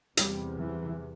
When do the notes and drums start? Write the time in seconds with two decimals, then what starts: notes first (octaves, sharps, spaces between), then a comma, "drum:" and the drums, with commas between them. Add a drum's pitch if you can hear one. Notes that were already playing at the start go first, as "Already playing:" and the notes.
0.17 E2 C3 G3, drum: hi-hat
0.60 E3